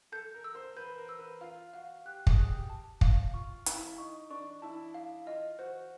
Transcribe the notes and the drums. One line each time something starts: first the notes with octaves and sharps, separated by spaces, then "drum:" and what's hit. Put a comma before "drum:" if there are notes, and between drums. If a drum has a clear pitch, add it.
A4 G6
A#4
E6
C5
B4 G6
A#4
E6
B4
F4 F5
F#4 F5
G4 F#6
G#4, drum: kick
F#6
G4
A5
F5, drum: kick
F4 C#6
E4 F5, drum: hi-hat
D#4 C#6
D4 C#6
E4 A5
F5
F4 D#5
F#4 C5